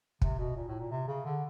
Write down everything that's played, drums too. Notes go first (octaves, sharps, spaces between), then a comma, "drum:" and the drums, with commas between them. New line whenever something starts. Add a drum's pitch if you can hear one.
C3, drum: kick
B2
A#2
A2
A#2
C3
C#3
D3